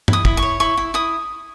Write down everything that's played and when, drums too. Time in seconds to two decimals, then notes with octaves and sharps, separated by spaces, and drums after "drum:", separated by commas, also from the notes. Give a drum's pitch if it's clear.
0.08 E4, drum: tom G2
0.13 D#6
0.25 E4, drum: kick
0.37 C#6
0.42 C#5
0.60 E4 C#6
0.77 E4
0.94 E4 D#6